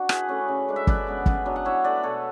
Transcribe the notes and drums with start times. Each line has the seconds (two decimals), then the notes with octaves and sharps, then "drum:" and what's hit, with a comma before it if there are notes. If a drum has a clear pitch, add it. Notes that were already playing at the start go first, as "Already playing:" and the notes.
Already playing: D4 F#4
0.09 E3 G#4 B4, drum: rim click
0.29 A3 C#4
0.48 C#3
0.69 G#3 D4
0.76 E5
0.87 C#3 B4 D5, drum: kick
1.07 G#3 B3 D4
1.26 C#3, drum: kick
1.46 F#3 B3 D4
1.56 F#5
1.65 E3 C#5 E5
1.84 A3 D4 B4 D5
2.03 B2 A4 C#5